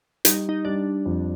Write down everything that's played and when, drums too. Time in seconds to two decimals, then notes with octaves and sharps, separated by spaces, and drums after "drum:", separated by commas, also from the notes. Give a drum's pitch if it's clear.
0.25 G3 D#4, drum: hi-hat
0.49 D#4
0.65 G3 D4
1.06 F2